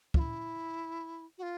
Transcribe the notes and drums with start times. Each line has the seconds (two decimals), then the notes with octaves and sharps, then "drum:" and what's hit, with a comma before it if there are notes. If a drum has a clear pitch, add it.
0.14 F4, drum: kick
0.19 E4
1.38 F#4
1.43 F4